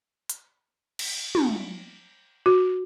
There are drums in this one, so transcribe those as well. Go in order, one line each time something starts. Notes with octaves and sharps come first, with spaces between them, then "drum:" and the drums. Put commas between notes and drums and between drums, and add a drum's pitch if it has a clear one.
drum: hi-hat
drum: cymbal
drum: tom
F#4